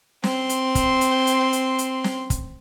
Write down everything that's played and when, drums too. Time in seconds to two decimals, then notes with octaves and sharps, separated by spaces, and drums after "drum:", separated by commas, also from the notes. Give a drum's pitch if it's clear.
0.24 C4 C6, drum: snare
0.49 drum: hi-hat
0.75 drum: kick, hi-hat
1.01 drum: hi-hat
1.27 drum: hi-hat
1.53 drum: hi-hat
1.78 drum: hi-hat
2.04 drum: snare
2.30 drum: kick, hi-hat